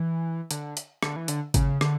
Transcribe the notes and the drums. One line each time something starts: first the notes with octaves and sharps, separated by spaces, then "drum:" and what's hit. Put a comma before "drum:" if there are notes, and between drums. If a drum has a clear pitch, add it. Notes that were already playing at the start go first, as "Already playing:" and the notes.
Already playing: E3
D3, drum: hi-hat
drum: hi-hat
D3, drum: rim click
E3
D3, drum: hi-hat
C#3, drum: kick G#1, hi-hat
D3, drum: rim click